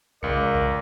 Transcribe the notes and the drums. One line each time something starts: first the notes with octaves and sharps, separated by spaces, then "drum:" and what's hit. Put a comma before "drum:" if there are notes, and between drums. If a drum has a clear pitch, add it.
C#2 A#4 D5 A#5 C#7, drum: kick B1
drum: kick B1